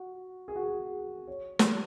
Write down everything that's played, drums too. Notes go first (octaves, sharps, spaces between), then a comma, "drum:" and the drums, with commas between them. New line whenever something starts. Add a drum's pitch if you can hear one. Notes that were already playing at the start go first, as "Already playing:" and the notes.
Already playing: F#4
G#4
F#4
G#4
C#5
drum: snare